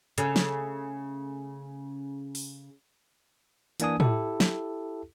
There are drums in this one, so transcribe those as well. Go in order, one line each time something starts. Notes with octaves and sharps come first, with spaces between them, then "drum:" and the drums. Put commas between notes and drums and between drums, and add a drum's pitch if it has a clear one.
C#3 A3, drum: hi-hat
drum: snare
drum: open hi-hat
E3 A#3 D4 G#5 D#6, drum: hi-hat
E4 G4 A4, drum: tom A2
drum: snare